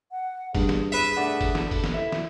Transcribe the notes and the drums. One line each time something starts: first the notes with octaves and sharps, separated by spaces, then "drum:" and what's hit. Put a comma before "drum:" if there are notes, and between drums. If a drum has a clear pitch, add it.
F#5
G2 G#4, drum: kick F#1, open hi-hat
drum: snare
B4 E5
A3 D4 F#5
drum: kick F#1, hi-hat
drum: snare
A4, drum: kick F#1, open hi-hat
drum: snare
E4 E5
drum: snare